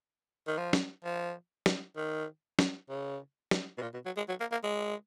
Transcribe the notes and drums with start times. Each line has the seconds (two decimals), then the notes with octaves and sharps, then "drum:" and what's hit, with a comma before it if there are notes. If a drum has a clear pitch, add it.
0.47 D#3
0.58 F3
0.73 drum: snare
1.04 F3
1.66 drum: snare
1.97 D#3
2.59 drum: snare
2.90 C#3
3.51 drum: snare
3.78 B2
3.82 A#2
3.94 B2
4.06 F#3
4.17 G#3
4.29 F#3
4.40 A#3
4.52 A#3
4.63 G#3